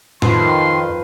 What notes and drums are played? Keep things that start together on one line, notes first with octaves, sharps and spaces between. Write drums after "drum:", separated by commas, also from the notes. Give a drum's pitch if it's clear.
F2 D#3 F3 B4 C6, drum: tom A2